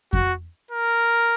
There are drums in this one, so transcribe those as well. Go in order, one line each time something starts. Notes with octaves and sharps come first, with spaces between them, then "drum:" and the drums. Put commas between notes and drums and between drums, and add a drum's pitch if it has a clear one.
F#4, drum: kick F2
A#4